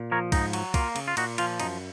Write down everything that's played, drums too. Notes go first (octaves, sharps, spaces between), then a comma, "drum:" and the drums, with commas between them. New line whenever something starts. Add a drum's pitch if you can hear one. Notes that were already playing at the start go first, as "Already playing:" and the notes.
Already playing: A#2
F3 A#4 C#5
G#2 D#4, drum: kick C2, cymbal
F#3, drum: cymbal
A#3 F4, drum: kick C2, cymbal
C#3, drum: cymbal
F4
A#2 D#4 F#4, drum: cymbal
F3 F4, drum: cymbal
F#2 D#4, drum: cymbal